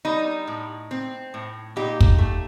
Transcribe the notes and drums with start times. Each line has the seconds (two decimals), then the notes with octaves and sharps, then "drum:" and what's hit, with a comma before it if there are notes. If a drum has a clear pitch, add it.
0.05 G3 D#4
0.47 A2
0.91 C4
1.34 A2
1.76 A#2 D#4 G4
2.01 drum: kick
2.18 A3